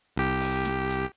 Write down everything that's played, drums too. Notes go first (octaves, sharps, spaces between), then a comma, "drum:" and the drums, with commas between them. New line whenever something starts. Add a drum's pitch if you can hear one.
C2 G4
drum: open hi-hat
drum: snare
drum: hi-hat